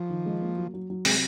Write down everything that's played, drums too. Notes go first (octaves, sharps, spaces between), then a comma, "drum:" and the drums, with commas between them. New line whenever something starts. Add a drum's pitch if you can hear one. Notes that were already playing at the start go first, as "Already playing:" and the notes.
Already playing: F3
D#3
G#3
A#3
F#3
F#3
F#3
C3 G#3, drum: open hi-hat